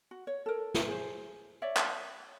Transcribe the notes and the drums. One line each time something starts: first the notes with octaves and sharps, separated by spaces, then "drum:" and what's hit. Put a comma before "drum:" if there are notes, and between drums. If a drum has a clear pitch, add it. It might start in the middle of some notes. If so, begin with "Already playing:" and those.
F#4
C#5
A4 A#4
drum: snare
G#4 C5
C#5 D5 E5
drum: clap